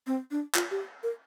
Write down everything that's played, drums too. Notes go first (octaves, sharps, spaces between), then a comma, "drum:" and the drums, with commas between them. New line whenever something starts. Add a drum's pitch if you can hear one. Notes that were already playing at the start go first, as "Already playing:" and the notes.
C4
D4
F4, drum: clap
G4
A#4